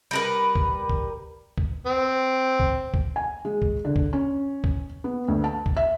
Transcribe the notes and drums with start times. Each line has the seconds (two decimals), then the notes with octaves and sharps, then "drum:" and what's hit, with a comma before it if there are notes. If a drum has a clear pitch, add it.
0.11 G3 A#4 B4
0.55 drum: kick
0.90 drum: kick
1.58 drum: kick
1.86 C4
2.60 drum: kick
2.94 drum: kick
3.16 G#5
3.45 G#3
3.62 drum: kick
3.85 D3
3.96 drum: kick
4.13 C#4
4.64 drum: kick
5.04 B3
5.28 D2
5.44 A5
5.66 drum: kick
5.77 E5